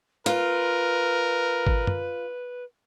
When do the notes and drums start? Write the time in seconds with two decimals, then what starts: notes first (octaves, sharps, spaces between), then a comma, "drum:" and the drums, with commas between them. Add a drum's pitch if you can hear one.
0.26 F4 A#4 B4, drum: hi-hat
1.67 drum: kick G#1
1.87 drum: tom